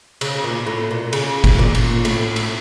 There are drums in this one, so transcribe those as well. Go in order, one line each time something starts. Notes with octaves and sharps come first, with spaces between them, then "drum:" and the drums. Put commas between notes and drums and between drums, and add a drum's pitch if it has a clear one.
C#3, drum: cymbal
A#2
A2
A#2
C#3, drum: cymbal
drum: kick F#1, cymbal
A#2
drum: cymbal
A2, drum: cymbal
drum: cymbal